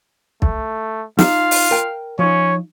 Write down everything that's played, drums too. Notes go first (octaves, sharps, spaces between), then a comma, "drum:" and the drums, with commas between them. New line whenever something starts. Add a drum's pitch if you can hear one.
A3, drum: kick
D#4 F4 F5, drum: snare
drum: open hi-hat
A#4 G5
F3 C#4 D#4 C#5